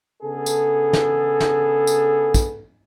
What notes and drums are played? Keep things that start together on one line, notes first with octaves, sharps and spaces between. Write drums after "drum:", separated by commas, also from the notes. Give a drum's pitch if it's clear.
C#3 B3 D4 G#4 A4
drum: tambourine
drum: snare
drum: snare
drum: tambourine
drum: kick, tambourine